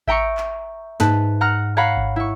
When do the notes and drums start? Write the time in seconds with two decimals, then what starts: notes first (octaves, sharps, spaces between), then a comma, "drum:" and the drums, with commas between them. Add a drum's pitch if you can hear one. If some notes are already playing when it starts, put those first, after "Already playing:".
0.08 E5 G5 A#5 C#6 C#7, drum: kick G#1
0.37 drum: clap
1.00 G#2 B4 A5, drum: snare
1.41 F#5 A#5 F6
1.77 C#5 F5 F#5 A#5 B5
1.97 drum: kick G#1
2.16 E4 C#6